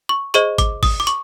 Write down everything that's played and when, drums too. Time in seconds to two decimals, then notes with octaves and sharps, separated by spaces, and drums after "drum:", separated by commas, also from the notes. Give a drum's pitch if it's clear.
0.09 C#6
0.34 G#4 C5 D#5 C#6, drum: hi-hat
0.58 D6, drum: kick, hi-hat
0.83 D#6, drum: kick, open hi-hat
1.00 D6
1.07 C#6, drum: hi-hat